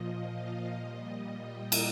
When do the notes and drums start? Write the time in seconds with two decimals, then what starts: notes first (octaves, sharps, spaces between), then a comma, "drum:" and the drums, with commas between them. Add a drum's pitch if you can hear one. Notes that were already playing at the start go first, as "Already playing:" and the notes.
Already playing: A#2 F3 D#5
0.10 F5
0.42 D#5
0.74 A#2 G3
1.40 G5
1.72 drum: cymbal